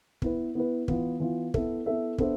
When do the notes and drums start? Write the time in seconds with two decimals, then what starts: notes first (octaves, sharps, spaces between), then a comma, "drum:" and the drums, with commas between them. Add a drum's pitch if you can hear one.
0.22 B3 E4 B4, drum: kick
0.55 B3 E4 B4
0.88 E3 B3 F4, drum: kick
1.20 E3 B3 F4
1.54 B3 E4 A4 E5, drum: kick
1.86 B3 E4 A4 E5
2.18 B3 D4 A4 C5 E5, drum: kick